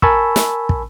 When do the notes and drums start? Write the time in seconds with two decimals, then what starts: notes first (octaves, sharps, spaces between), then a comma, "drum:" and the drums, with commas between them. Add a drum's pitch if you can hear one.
0.02 A#4 G#5 A5 B5 C#6 E6, drum: kick
0.36 drum: snare
0.69 drum: kick